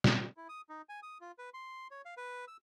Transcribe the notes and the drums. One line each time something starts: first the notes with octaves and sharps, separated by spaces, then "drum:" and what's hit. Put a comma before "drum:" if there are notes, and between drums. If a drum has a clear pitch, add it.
drum: snare
E4
D#6
D#4
G#5
D#6
F4
B4
C6
C#5
F5
B4
E6